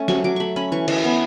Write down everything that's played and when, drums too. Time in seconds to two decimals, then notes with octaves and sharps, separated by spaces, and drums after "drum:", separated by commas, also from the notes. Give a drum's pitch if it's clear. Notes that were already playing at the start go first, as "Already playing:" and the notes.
Already playing: A3 C#4
0.08 F#3 C#6, drum: snare
0.24 F#3 D6
0.36 A3 B5 C#6
0.56 C#4 B5
0.72 E3 C#6
0.88 E3, drum: cymbal
1.04 B3